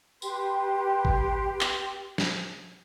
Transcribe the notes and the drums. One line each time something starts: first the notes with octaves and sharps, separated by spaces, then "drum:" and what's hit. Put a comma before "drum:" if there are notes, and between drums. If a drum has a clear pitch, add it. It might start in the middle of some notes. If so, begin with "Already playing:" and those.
G4 B4 G5 C6, drum: tambourine
drum: kick G#1
drum: clap
drum: snare